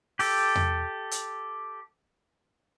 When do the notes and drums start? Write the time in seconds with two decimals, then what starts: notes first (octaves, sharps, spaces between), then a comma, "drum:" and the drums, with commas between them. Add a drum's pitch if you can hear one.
0.19 G4 A4, drum: open hi-hat
0.55 drum: tom E2
1.11 drum: hi-hat